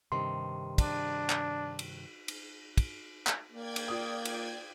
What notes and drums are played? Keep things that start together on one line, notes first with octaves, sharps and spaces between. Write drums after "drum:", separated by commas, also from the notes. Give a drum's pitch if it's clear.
G2 C3 D#3 C6
D4, drum: kick, cymbal
drum: clap
drum: cymbal
drum: cymbal
drum: kick, cymbal
drum: clap
A#3 D5 G5 G#6
drum: cymbal
F4 D#6
drum: cymbal